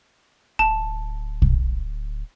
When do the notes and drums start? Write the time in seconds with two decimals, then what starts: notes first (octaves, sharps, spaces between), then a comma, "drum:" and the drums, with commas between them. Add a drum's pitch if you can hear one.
0.59 D1 A5
1.42 drum: kick